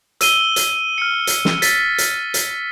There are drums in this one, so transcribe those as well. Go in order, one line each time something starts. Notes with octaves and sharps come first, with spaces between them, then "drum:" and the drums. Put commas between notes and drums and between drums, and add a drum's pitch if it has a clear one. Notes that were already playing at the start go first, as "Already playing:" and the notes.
E6 D#7 G7, drum: hi-hat
drum: hi-hat
F6 C#7
drum: hi-hat
drum: snare
A6 B6, drum: hi-hat
drum: hi-hat
drum: hi-hat